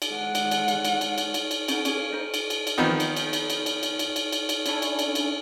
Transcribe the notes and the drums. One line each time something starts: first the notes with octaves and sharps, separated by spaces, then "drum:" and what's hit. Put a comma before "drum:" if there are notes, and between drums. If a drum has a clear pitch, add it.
drum: cymbal
G#3 F#5
drum: cymbal
drum: cymbal
drum: cymbal
drum: cymbal
drum: cymbal
drum: cymbal
drum: cymbal
drum: cymbal
C#4 D#4 F#5, drum: cymbal
C#4 G#4, drum: cymbal
C#5 F5
D#4 C5 D#5
drum: cymbal
drum: cymbal
drum: cymbal
D#3 F3 B3 C4 D#4
drum: cymbal
drum: cymbal
drum: cymbal
drum: cymbal
drum: cymbal
drum: cymbal
drum: cymbal
drum: cymbal
drum: cymbal
drum: cymbal
C#4 D4 E4 A4 C#5 G#5, drum: cymbal
drum: cymbal
drum: cymbal
drum: cymbal